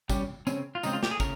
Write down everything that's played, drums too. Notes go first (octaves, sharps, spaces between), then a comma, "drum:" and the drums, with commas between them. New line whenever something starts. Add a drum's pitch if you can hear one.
G3 C#4 G4, drum: kick, tambourine
C#3 G#3 C4 C#4, drum: tambourine
F4
C#3 G#3 C4 D#4, drum: tambourine
F4
G4, drum: snare
G#4
C#3 A#4, drum: kick, tambourine